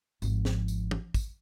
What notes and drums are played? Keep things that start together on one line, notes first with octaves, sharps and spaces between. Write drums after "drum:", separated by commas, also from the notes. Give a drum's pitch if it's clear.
G#1 F3, drum: tambourine
drum: snare
drum: tambourine
drum: tom E3
drum: kick, tambourine